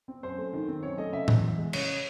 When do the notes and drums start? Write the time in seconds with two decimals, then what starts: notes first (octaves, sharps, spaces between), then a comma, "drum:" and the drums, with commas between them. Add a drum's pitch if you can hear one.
0.08 C4
0.23 F#2 C5
0.38 A3
0.53 D#3
0.68 C4
0.83 F#2 C#5
0.98 A3 D#5
1.13 C#3 E5
1.28 E2, drum: tom A2
1.43 E2
1.58 G#3
1.73 C#3 C#5, drum: cymbal